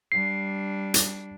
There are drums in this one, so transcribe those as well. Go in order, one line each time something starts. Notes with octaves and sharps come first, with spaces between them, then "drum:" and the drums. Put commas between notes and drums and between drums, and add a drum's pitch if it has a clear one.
G3 D4 C7
drum: hi-hat